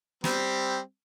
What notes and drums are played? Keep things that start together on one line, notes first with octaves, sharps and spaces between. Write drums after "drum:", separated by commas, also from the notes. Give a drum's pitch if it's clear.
G3 C4, drum: snare